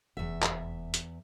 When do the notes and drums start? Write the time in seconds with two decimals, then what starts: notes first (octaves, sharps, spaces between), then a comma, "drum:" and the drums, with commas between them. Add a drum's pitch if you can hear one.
0.17 F1 E2 E5
0.42 drum: clap
0.94 drum: hi-hat